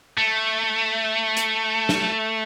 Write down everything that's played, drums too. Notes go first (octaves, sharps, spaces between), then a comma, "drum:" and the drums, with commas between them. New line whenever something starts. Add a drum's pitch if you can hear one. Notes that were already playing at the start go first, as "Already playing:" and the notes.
A3
drum: hi-hat
drum: snare